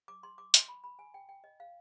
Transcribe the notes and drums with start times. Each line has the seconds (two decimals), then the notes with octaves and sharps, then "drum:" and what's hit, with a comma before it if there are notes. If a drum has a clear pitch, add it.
0.08 D6
0.23 C6
0.38 D6
0.54 C6, drum: hi-hat
0.68 B5
0.84 B5
0.99 G#5
1.14 G5
1.29 G5
1.44 D#5
1.60 F5